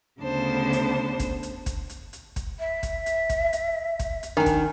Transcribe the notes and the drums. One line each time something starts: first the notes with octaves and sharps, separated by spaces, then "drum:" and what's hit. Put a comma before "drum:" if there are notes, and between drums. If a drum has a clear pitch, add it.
D2 C#3 B3 D4 C5 A5
drum: hi-hat
drum: kick, hi-hat
drum: hi-hat
drum: kick, hi-hat
drum: hi-hat
drum: hi-hat
drum: kick, hi-hat
E5
drum: kick, hi-hat
drum: hi-hat
drum: kick, hi-hat
drum: hi-hat
drum: kick, hi-hat
drum: hi-hat
D#3 D4 G#5
drum: kick, hi-hat